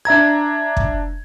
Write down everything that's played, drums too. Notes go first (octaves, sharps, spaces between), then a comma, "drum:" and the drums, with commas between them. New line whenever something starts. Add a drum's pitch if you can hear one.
D4 E5 A#5 G#6
drum: kick